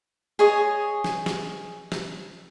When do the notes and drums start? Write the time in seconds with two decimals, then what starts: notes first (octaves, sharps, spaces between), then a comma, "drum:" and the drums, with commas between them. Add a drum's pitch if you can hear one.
0.39 G#4 C#5 D#5
1.04 drum: snare
1.26 drum: snare
1.92 drum: snare